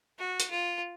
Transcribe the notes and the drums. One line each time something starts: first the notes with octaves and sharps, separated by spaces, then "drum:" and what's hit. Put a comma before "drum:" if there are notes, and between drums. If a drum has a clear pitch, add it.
F#4
drum: hi-hat
F4